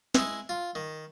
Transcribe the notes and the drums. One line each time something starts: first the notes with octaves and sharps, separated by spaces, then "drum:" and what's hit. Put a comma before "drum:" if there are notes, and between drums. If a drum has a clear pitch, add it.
G#3 E4 G#4, drum: snare
F4
D#3